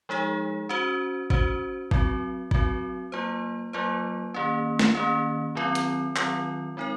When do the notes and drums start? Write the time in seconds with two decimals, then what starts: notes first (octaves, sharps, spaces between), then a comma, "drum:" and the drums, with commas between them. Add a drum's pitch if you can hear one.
0.09 F3 G#3 D#4 G#4
0.69 C#4 F#4 C5
1.30 C#4 F#4 C5, drum: kick G#1
1.91 F#3 C4 F#4, drum: kick G#1
2.51 F#3 C4 F#4, drum: kick G#1
3.12 F#3 A#3 F4 C5
3.73 F#3 A#3 F4 C5
4.34 D#3 A#3 C#4
4.79 drum: snare
4.95 D#3 A#3 C#4
5.55 D#3 F#3 C4 F4
5.75 drum: hi-hat
6.16 D#3 F#3 C4 F4, drum: clap
6.77 G#3 C4 D#4 A#4